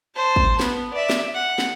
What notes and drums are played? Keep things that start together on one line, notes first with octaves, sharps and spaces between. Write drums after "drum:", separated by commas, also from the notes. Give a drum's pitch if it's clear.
C5 A5
drum: kick
B3, drum: snare
D5 E5
drum: snare
F#5
drum: snare